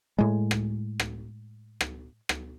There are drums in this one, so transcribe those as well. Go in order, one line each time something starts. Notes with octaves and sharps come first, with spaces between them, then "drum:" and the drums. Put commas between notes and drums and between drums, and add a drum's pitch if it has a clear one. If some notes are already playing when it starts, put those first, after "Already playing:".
A2 G#3
drum: rim click
drum: rim click
drum: rim click
drum: rim click